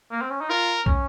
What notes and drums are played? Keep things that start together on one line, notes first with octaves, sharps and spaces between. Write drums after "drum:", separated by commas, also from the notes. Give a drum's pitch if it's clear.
A#3
C4
C#4
D#4
F4 A#4
C#4, drum: kick